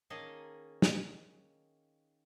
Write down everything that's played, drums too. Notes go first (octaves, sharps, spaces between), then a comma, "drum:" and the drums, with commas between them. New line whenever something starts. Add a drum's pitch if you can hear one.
D#3 A#3 C#4 G#4 D#5 A5
drum: snare